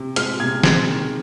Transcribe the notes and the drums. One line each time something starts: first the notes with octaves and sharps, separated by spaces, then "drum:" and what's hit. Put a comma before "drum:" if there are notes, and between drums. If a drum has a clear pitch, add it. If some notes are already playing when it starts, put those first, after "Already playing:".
Already playing: C3
G#3 F6, drum: hi-hat
C3 G#6
G#3 G#6, drum: snare
D#3